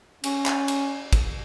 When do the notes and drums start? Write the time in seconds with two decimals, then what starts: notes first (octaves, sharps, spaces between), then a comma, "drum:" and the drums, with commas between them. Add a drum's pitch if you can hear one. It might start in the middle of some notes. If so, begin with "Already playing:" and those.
0.24 C#4, drum: cymbal
0.46 drum: clap
0.68 drum: cymbal
1.13 drum: kick, cymbal